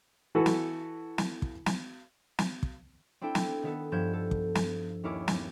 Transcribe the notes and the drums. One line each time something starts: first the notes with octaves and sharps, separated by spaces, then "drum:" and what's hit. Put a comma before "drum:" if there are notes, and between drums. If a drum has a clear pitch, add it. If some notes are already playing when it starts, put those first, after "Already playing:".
E3 F#4 A4 B4
drum: snare
drum: snare
drum: kick
drum: snare
drum: snare
drum: kick
C4 D4 E4 A4 G5
drum: snare
D#3 B3 A4
G2 F3 B3 G6 G#6 E7
A4
drum: kick
drum: snare
D#2 C#4 E4 A#4 D6
drum: snare